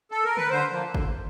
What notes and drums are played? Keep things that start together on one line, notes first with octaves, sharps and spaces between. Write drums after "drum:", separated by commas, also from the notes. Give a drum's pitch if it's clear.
A4
A#4
B4, drum: tom D3
D3 C5
F3 A#3
D3, drum: kick G1